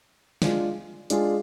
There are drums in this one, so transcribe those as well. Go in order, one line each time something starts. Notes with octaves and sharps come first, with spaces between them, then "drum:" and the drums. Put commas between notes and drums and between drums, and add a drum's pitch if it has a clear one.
G#3 D4 F4 G#4, drum: snare
G#3 D4 F4 G#4, drum: hi-hat